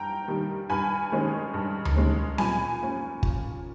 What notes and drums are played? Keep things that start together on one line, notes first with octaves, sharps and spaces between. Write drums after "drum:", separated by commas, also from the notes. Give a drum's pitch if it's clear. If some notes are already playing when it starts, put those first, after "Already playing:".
Already playing: G2 G5 A#5
D#3 G3
G2 G#5 B5
D#3 G#3 C#4
G2
drum: tom D2
D#3 G#3 C#4
A#2 G#5 B5, drum: snare C4
A#3 C#4
A#2, drum: kick G1